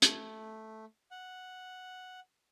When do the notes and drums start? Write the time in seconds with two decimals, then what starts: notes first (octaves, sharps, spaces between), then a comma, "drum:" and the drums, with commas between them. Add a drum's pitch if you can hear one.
0.02 A3, drum: hi-hat
1.11 F#5